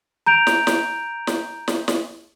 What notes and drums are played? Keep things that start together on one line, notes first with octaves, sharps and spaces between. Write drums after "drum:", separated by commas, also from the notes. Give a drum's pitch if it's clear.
A#5 G6 D7 F7
drum: snare
drum: snare
drum: snare
drum: snare
drum: snare